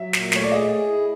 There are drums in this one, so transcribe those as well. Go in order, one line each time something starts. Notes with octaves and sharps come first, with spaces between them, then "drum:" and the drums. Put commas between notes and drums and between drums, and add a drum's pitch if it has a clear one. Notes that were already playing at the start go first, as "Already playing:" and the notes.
Already playing: F#3 E5
A#2, drum: snare
A3 C#5, drum: snare
D5
G#4 D#5
G#4
E4